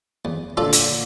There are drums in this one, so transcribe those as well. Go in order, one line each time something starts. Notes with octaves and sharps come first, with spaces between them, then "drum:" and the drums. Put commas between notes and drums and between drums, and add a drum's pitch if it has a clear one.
E2
A#2 D3 F4 A4 D5
drum: hi-hat